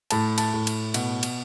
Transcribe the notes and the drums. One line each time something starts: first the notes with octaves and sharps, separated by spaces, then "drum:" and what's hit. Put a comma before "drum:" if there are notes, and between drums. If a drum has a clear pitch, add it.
A2 A5, drum: cymbal
A5, drum: cymbal
A2
drum: cymbal
B2, drum: cymbal
drum: cymbal